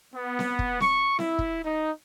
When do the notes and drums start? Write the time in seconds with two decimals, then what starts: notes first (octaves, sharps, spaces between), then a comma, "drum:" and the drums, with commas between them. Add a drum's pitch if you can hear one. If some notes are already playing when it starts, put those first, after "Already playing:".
0.14 B3
0.39 drum: snare C4
0.59 drum: kick
0.80 C#6, drum: snare C4
1.19 E4, drum: snare C4
1.39 drum: kick
1.64 D#4